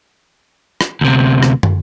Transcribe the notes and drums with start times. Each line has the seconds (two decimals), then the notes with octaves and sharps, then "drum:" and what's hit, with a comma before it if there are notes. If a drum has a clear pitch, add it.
0.81 drum: rim click
1.01 D2 C3
1.43 drum: rim click
1.63 drum: tom